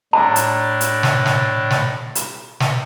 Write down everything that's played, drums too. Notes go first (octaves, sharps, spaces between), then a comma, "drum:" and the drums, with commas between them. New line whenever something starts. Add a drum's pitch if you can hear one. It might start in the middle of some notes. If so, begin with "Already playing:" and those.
A2 D4 A#5
drum: hi-hat
drum: hi-hat
drum: snare
drum: snare
drum: snare
drum: hi-hat
drum: snare